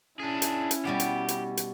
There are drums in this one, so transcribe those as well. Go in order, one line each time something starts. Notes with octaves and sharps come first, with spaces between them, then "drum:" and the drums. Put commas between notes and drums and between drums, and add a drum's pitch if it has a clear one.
C#4 D4 E4 G#4
drum: hi-hat
drum: hi-hat
B2 G3 B3 G4
drum: hi-hat
drum: hi-hat
drum: hi-hat